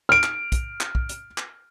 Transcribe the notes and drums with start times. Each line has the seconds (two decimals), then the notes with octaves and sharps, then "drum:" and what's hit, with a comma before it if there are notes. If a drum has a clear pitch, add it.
0.09 F6 D7
0.23 drum: clap
0.52 drum: kick, hi-hat
0.81 drum: clap
0.95 drum: kick
1.09 drum: hi-hat
1.38 drum: clap